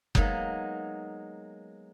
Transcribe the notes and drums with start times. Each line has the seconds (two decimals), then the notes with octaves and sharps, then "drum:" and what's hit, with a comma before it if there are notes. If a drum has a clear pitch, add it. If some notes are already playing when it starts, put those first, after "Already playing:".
0.15 F#3 G#3 A#3 B3 D#4, drum: kick F#1